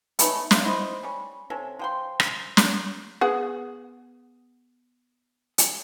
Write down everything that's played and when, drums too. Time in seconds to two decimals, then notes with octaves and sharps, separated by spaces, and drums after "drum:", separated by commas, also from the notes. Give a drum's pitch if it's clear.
0.19 A3 B3 C#4 D#4, drum: hi-hat
0.51 F4 E5, drum: snare
0.63 D#4 E4 C5 D#5
1.03 G3 C#4
1.50 C3 C#4 A4
1.79 F3 G5 C6
2.20 drum: rim click
2.57 drum: snare
3.21 B3 G#4 F#5
5.58 drum: hi-hat